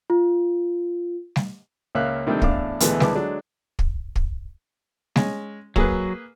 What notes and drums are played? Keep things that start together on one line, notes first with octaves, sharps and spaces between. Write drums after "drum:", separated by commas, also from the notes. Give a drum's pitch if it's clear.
F4
drum: snare G3
C#2 A#3 C#4 E5 F5 F#6
C3 D#3 G3 A3 C4 D4
E2 A2 D4 F5 D6, drum: kick
D2 B2 E3 G#3 A3, drum: hi-hat
D2 G#3 B3 E4 A5 D6, drum: snare G3
D3 F#3 G#3 D4
drum: kick
drum: kick
G#3 C#4, drum: snare G3
F#3 A#3 G#4 B4, drum: kick